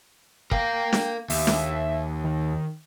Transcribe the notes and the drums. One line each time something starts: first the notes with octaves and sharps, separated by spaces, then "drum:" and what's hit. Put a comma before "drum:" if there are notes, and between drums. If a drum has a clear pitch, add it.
A#4 F5 G5, drum: kick
drum: snare
D#2 E5, drum: open hi-hat
drum: snare
D#3